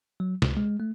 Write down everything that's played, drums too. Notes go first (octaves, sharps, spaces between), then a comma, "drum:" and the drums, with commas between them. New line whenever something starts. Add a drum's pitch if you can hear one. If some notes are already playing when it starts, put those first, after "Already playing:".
F#3
C#2, drum: snare
G#3
A3